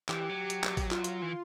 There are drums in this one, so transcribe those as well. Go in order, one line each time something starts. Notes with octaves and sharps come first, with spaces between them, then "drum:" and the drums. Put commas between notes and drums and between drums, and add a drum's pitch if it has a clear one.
E3 G4, drum: clap
F#3
drum: hi-hat
drum: clap
drum: kick A1, open hi-hat
F4, drum: clap
drum: hi-hat
E3